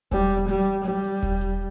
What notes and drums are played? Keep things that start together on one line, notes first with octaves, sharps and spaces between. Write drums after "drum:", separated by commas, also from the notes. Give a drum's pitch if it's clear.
G3, drum: kick E1, hi-hat
drum: hi-hat
G3, drum: hi-hat
G3, drum: hi-hat
drum: hi-hat
drum: kick E1, hi-hat
drum: hi-hat